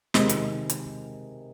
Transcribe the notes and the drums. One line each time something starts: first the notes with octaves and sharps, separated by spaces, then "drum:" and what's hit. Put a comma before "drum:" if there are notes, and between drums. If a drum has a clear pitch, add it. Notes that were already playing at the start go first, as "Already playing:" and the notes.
C3 D#3 G#3, drum: snare
drum: hi-hat
drum: hi-hat